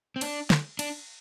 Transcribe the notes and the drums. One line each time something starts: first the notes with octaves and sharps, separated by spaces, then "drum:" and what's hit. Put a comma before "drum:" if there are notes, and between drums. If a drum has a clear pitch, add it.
C4
D4, drum: cymbal
drum: snare
D4, drum: cymbal